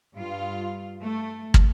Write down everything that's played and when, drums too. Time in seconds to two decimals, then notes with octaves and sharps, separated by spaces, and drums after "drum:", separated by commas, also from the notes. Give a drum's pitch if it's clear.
0.16 G2 F4
0.98 A3
1.54 drum: kick